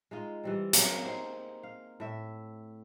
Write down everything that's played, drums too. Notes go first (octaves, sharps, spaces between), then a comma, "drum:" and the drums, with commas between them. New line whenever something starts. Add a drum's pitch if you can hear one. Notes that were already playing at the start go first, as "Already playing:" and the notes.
G#3 D#4 F4
E3 G3 C4
F#3 A#3 G#4 A#4, drum: hi-hat
C4 D#4 C5
F5
A2 E5